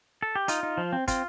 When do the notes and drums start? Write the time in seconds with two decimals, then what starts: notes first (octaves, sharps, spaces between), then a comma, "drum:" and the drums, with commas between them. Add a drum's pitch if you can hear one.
0.23 A4
0.35 G4
0.48 D#4 F4, drum: hi-hat
0.63 D#4
0.78 F3
0.93 C4
1.08 C4 F4, drum: kick, hi-hat